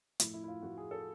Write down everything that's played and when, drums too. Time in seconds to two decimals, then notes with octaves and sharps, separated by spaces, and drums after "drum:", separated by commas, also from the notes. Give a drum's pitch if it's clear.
0.20 A2 F3 A3 E4, drum: hi-hat
0.34 E4
0.44 E4
0.48 F4
0.62 A2 F3 A3 F#4
0.77 G#4
0.91 A4